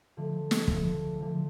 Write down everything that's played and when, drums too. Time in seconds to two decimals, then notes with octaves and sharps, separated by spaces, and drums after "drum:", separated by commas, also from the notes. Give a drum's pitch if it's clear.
0.17 D3 F3 A3
0.51 drum: snare
0.68 D3 F3 A3, drum: kick
1.19 D3 F3 A3